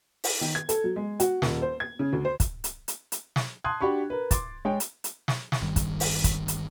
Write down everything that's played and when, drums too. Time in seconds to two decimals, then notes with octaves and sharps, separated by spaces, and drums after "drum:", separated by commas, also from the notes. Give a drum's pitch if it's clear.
0.24 drum: open hi-hat
0.41 D#3
0.55 G#6
0.69 A4, drum: hi-hat
0.84 F#3
0.96 G#3
1.20 F#4, drum: hi-hat
1.42 D#1, drum: snare
1.62 C5
1.80 G#6
1.99 C#3
2.13 D2
2.25 C5
2.40 drum: kick, hi-hat
2.64 drum: hi-hat
2.88 drum: hi-hat
3.12 drum: hi-hat
3.36 drum: snare
3.64 A5 C6 D#6 F#6 G#6
3.81 D4 F#4 G4 B5 C#6
4.10 A#4 B4
4.31 C6 D6 A6, drum: kick, hi-hat
4.65 G#3 G#4 C#5 G5
4.80 drum: hi-hat
5.04 drum: hi-hat
5.28 drum: snare
5.52 drum: snare
5.61 G1 D#3 G3
5.76 drum: kick, hi-hat
6.00 drum: open hi-hat
6.24 drum: kick, hi-hat
6.48 drum: hi-hat